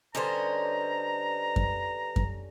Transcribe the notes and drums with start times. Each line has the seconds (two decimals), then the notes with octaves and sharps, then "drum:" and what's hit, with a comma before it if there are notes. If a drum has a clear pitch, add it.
0.15 D3 G3 C#4 B4 C5 D#5 A#5
1.56 drum: kick F#2
2.16 drum: kick F#2